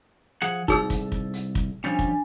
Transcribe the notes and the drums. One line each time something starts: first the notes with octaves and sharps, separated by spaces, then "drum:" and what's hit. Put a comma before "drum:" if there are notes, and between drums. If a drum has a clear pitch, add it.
F3 G#4 F#5
C2 D#4 G#4 A4 E6, drum: kick
drum: kick, hi-hat
drum: kick
drum: hi-hat
drum: kick
F3 G3 C#4 D4 G#5
drum: kick